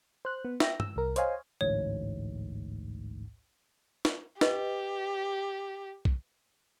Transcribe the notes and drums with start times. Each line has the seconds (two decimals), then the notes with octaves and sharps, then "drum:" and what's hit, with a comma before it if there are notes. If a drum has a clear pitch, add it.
0.25 C5 F#6
0.44 B3
0.60 E5 G5 A#6, drum: snare
0.80 E6, drum: tom G2
0.96 C2 A#4
1.16 C5 C#5 D#5 F5 G#5, drum: hi-hat
1.61 A1 D2 G#2 C#5
4.05 drum: snare
4.41 G4 B4 D#5, drum: snare
6.05 drum: kick B1